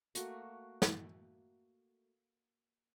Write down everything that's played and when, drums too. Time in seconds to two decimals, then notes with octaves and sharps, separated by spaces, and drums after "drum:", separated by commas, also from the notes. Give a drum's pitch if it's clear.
0.15 A3 A#3 F#4, drum: hi-hat
0.82 drum: snare